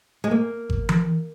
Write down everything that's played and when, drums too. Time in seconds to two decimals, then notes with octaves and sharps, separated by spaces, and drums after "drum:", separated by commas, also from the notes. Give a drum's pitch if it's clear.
0.24 G#3
0.31 A#3
0.70 drum: kick G#1
0.89 drum: tom E3